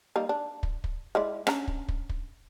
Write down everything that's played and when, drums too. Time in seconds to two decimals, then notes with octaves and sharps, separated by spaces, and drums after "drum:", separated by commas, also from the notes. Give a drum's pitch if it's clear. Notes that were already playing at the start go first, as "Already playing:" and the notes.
0.16 G3 A#3 D#4
0.29 D4
0.63 drum: kick
0.84 drum: kick
1.15 G#3 E4 D5
1.47 C#4 D4 A#5, drum: rim click
1.68 drum: kick
1.89 drum: kick
2.09 drum: kick